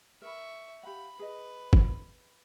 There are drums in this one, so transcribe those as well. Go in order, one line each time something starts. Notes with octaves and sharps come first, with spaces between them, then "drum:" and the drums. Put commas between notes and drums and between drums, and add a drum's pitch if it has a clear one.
A#4 E5 B5 C#6
G4 F5 F#5 B5
G#4 B4 D#5
drum: kick F#1